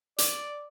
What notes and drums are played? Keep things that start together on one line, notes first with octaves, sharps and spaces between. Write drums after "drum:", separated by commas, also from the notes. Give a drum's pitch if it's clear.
D5, drum: hi-hat